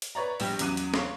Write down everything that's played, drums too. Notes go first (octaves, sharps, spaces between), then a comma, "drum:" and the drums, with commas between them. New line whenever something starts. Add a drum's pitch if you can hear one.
drum: hi-hat
B4 C#5 D5 A#5
A#1 G3 G4, drum: open hi-hat
E2 C#3 F#3 D6 F#6 D#7, drum: hi-hat
drum: hi-hat
C#5 F5 C6 D6, drum: snare